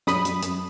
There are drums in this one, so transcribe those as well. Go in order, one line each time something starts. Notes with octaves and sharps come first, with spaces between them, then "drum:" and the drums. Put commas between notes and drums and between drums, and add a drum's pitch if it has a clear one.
F#2 B5 D#6, drum: snare
F#2, drum: hi-hat
F#2, drum: hi-hat